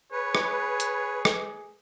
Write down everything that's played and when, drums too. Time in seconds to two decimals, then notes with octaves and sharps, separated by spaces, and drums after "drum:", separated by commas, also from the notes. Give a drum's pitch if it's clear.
0.12 G#4 B4 C#5
0.35 drum: rim click
0.80 drum: hi-hat
1.25 drum: rim click